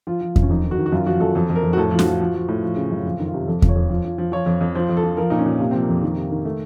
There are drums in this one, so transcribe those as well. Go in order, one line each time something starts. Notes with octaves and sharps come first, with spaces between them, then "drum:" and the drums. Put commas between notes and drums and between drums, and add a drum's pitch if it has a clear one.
F3 F4
F3
F#2, drum: kick E2
C#4
F2 D#4
D#3
F#4
D#3
F#4
F#2 F4
F3 F#4
F#2 A4
F2 A4
F2
A#4
F2
F#4
A2 A4
F3
F#4, drum: snare
F3
F3
F3
A2
F3
C#3
F#2
F2 F4
D#3
F4
C3
F2 A4
F3, drum: kick E2
C#5
F2
F3
F3
F3
F3 C#5
F2
F2
F3 C5
F2
A4
F3
F3 A#4
A#2 D#4
C#4
A#2
C3 A#3
F3 C4
A#3
F2
D#3
C3
D#3
A3